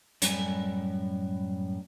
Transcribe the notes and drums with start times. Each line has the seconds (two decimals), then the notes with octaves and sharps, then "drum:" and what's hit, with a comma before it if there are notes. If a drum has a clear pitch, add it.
0.22 F#2 A2 G3 B4 G#5, drum: hi-hat